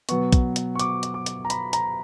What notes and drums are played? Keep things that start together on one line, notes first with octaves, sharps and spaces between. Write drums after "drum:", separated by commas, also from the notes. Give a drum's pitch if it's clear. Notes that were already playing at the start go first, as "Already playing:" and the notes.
B2 F#3 B3 C#6, drum: hi-hat
drum: kick, hi-hat
drum: hi-hat
C#6
D6, drum: hi-hat
drum: hi-hat
D6
drum: hi-hat
A#5
B5, drum: hi-hat
A#5, drum: hi-hat